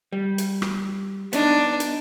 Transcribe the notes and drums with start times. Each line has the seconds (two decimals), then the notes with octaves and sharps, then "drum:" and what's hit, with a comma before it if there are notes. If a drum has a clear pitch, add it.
0.12 G3
0.38 drum: hi-hat
0.62 drum: rim click
1.33 B3 D4 D#4, drum: hi-hat
1.80 drum: hi-hat